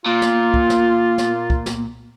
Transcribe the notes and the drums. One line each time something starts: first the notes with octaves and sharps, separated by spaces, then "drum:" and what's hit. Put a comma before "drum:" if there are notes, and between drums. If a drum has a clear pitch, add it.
A#2 F4
drum: snare
drum: kick
drum: snare
drum: snare
drum: kick
drum: snare